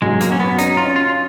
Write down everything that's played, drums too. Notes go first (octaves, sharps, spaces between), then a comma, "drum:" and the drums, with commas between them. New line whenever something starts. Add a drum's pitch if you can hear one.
F#3 G#3, drum: tom G2
A#3, drum: hi-hat
C#4 F#4
B3
C#4 D#4, drum: hi-hat
F4
C#4
F4